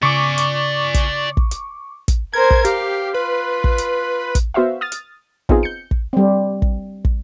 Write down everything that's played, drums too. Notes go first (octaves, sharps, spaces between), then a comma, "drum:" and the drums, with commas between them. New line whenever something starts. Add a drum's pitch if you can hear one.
C#3 D5 G#5 C#6 D6
drum: hi-hat
drum: kick, hi-hat
drum: kick
drum: hi-hat
drum: kick, hi-hat
A#4 C5 G#6
drum: kick
G4 F5, drum: hi-hat
F4 B4
drum: kick
drum: hi-hat
drum: kick, hi-hat
B3 F#4 C5 E5 F5
D#6 F6 A6
drum: hi-hat
B3 C4 D#4 F4 G#4, drum: kick
G6 C#7
drum: kick
G3 C4
drum: kick
drum: kick